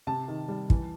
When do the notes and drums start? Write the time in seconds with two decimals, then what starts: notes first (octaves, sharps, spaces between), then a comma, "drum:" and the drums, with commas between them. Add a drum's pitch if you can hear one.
0.07 C3 A5
0.28 D#3
0.48 G3
0.70 E3, drum: kick